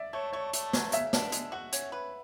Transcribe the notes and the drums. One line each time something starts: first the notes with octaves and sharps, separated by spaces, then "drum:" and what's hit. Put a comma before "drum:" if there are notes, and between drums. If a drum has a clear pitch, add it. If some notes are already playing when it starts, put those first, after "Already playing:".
Already playing: D5 E5
A3 C#5
A3 C#5
A3, drum: hi-hat
F#3, drum: snare
C#3 E5, drum: hi-hat
D4, drum: snare
G#3, drum: hi-hat
F#4 F#5
C#4, drum: hi-hat
B4